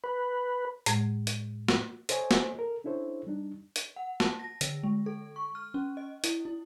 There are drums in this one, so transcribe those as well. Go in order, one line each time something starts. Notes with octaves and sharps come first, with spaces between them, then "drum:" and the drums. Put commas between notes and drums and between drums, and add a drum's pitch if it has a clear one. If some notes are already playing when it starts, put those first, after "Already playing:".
B4
A2 G#3, drum: hi-hat
drum: hi-hat
drum: snare
A4 C5 C#5 D#5 G#5, drum: hi-hat
drum: snare
A4 A#4
C#4 D4 E4 A4 C5 C#5
G3 D4 D#4
drum: hi-hat
F#5
A5, drum: snare
A#6
D3, drum: hi-hat
G#3
A4
C#6
F6
C#4
D#5
E4, drum: hi-hat
E4